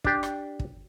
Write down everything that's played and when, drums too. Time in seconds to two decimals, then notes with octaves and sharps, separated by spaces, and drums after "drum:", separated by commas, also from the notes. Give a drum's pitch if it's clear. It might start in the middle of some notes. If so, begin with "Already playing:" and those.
0.04 D4 G4, drum: kick
0.23 drum: rim click
0.59 drum: kick